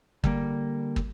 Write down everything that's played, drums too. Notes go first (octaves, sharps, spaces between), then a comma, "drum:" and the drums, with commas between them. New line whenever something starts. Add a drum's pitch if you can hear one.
D3 G3 A#3, drum: kick
drum: kick